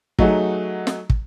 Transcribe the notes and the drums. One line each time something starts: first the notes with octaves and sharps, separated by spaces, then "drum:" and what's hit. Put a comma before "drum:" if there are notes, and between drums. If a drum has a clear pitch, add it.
F#3 A3 D#4 F#4 G#4, drum: kick
drum: snare
drum: kick